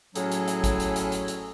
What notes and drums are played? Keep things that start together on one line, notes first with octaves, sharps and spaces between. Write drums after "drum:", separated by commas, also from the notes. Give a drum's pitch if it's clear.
A2 F#3 C#4 G#4 A4, drum: hi-hat
drum: hi-hat
drum: hi-hat
drum: kick, hi-hat
drum: hi-hat
drum: hi-hat
drum: hi-hat
drum: hi-hat